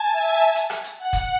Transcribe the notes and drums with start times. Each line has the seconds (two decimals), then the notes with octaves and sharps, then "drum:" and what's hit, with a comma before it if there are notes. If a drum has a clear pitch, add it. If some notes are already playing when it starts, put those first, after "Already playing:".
Already playing: G#5 A5
0.12 E5
0.55 drum: hi-hat
0.70 drum: rim click
0.84 drum: hi-hat
0.98 F#5
1.13 drum: kick, hi-hat